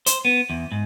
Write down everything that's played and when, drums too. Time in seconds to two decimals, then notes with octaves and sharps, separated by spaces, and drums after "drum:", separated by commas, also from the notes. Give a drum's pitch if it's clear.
0.06 C5, drum: hi-hat
0.25 B3
0.50 E2
0.72 G#2